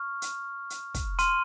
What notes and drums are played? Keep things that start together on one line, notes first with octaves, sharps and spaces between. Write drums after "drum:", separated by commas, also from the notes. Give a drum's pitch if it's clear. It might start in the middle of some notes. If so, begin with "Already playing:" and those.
Already playing: C#6 F6
drum: hi-hat
drum: hi-hat
drum: kick, hi-hat
C6 F6 D#7, drum: hi-hat